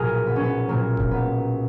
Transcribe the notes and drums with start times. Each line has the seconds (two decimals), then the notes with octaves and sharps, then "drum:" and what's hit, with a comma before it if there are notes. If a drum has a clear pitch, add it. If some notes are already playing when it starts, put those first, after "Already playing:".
Already playing: B1 A#2 G#4 A#4
0.27 B3
0.36 C#4
0.44 B3
0.68 B1 A#2 A#3
0.97 drum: kick D#1
1.11 B3